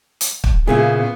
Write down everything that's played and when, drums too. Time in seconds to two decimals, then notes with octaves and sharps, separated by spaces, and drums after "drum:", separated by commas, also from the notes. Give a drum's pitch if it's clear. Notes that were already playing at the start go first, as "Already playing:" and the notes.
0.21 drum: hi-hat
0.44 drum: kick
0.67 A#2 C#3 B3 E4 G#4